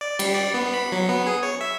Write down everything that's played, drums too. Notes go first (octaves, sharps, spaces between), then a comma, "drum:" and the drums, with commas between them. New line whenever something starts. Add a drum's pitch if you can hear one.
D5
G3, drum: cymbal
D5
B3
B5
F#3
B3
G#4
C#5
E5